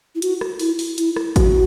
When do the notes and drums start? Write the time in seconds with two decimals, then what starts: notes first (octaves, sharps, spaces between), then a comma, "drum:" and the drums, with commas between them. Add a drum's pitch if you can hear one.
0.15 E4
0.22 F#4, drum: hi-hat
0.41 drum: rim click
0.59 E4, drum: open hi-hat
0.79 drum: open hi-hat
0.98 E4, drum: hi-hat
1.16 drum: rim click
1.36 F#4, drum: kick G#1, hi-hat